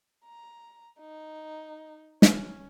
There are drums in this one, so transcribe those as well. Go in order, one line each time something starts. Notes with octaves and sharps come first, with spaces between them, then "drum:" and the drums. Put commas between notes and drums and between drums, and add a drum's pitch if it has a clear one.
A#5
D#4
C#4, drum: snare